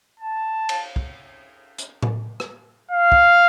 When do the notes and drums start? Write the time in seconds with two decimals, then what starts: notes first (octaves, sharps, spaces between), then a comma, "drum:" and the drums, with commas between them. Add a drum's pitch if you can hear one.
0.19 A5
0.69 drum: cymbal
0.96 drum: kick
1.79 drum: hi-hat
2.03 drum: tom A2
2.40 drum: rim click
2.91 F5
3.12 drum: kick